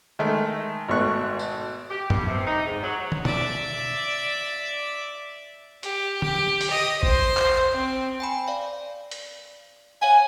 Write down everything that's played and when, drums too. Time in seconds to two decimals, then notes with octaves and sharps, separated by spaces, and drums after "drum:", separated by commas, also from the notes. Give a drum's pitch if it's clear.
0.19 D#3 G#3 A3
0.89 G#1 B2 A3 C#6 F#6
1.39 drum: tambourine
1.90 G4
2.10 G2, drum: tom
2.27 C3
2.47 D#4
2.66 G#2
2.83 F#3
3.12 drum: tom
3.25 D5 E5, drum: tom
5.83 G4, drum: hi-hat
6.22 G4, drum: tom
6.61 drum: open hi-hat
6.71 D#5
7.03 C5, drum: kick A1
7.37 drum: clap
7.74 C4
8.20 G5 G#5 B5
8.48 D5 F5
9.11 drum: hi-hat
10.02 C#5 F5 F#5 G#5